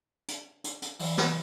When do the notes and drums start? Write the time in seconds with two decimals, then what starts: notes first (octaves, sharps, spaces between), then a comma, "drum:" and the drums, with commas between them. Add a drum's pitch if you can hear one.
0.28 drum: hi-hat
0.64 drum: hi-hat
0.82 drum: hi-hat
1.00 E3, drum: open hi-hat
1.18 drum: snare